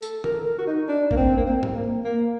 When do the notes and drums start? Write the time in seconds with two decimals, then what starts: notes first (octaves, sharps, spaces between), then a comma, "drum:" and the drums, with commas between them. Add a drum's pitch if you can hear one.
0.02 A4, drum: tambourine
0.24 A#4, drum: tom
0.45 A#4
0.58 F#4
0.67 D#4
0.88 D4
1.11 A#3, drum: kick
1.17 C4
1.37 A#3
1.46 C4
1.63 drum: tom G#2
1.75 A#3
2.04 A#3